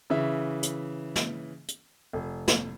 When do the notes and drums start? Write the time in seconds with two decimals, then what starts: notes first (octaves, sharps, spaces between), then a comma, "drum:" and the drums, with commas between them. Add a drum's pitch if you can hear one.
0.10 C#3 E3 E5
0.63 drum: hi-hat
1.16 drum: snare
1.68 drum: hi-hat
2.13 F1
2.48 drum: snare